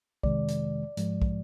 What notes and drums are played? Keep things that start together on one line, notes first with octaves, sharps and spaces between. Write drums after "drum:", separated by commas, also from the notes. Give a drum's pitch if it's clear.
F2 C3 D#3 G#3 D5, drum: kick
drum: hi-hat
G#2 F3 G#3, drum: hi-hat
drum: kick